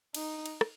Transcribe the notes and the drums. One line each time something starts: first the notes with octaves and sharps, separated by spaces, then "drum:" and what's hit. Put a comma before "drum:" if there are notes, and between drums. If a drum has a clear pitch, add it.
D#4, drum: cymbal
drum: cymbal
drum: rim click